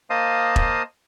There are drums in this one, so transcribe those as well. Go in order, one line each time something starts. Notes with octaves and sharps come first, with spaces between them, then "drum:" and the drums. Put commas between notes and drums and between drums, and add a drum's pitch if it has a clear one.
A#3 C5 D#5 F5 A5 D#6
drum: kick E1